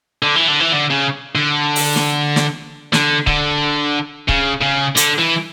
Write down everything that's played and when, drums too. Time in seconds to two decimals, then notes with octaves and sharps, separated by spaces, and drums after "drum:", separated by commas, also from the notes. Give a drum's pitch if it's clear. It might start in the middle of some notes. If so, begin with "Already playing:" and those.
0.23 D3
0.36 E3
0.48 D3
0.60 E3
0.72 D3
0.90 C#3
1.35 D3
1.76 drum: open hi-hat
1.96 drum: snare
2.36 drum: snare
2.93 D3, drum: snare
3.27 D3, drum: kick C#1
4.29 C#3, drum: kick C#1
4.62 C#3
4.97 D3, drum: hi-hat
5.19 E3